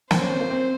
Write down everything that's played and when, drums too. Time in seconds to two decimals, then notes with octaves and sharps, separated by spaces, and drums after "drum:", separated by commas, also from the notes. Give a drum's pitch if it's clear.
0.11 A#3 C5, drum: snare
0.20 C#4
0.30 C4
0.40 A#3
0.51 C4